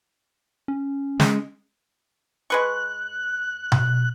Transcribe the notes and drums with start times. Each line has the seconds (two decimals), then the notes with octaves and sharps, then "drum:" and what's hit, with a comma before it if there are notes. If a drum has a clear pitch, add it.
0.68 C#4
1.20 G#3, drum: snare
2.50 G#3 B4 C#6 F#6
3.72 drum: tom B2